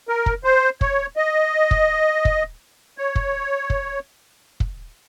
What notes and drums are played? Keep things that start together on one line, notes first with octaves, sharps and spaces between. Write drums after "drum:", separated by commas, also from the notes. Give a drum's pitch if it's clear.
A#4
drum: kick
C5
C#5, drum: kick
D#5
drum: kick
drum: kick
C#5
drum: kick
drum: kick
drum: kick